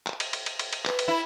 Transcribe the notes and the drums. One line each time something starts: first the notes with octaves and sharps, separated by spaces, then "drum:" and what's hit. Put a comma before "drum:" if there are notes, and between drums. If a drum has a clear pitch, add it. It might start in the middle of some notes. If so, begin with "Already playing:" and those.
drum: clap
drum: cymbal
drum: cymbal
drum: cymbal
drum: cymbal
drum: cymbal
B4, drum: clap
drum: cymbal
E4